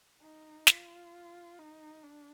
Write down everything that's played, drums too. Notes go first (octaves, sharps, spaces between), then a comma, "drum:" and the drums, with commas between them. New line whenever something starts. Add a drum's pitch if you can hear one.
D#4
F4, drum: snare
D#4
D4